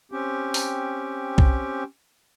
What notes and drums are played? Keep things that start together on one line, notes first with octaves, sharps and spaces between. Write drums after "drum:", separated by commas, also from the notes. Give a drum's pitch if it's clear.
C4 C#4 G4
drum: open hi-hat
drum: kick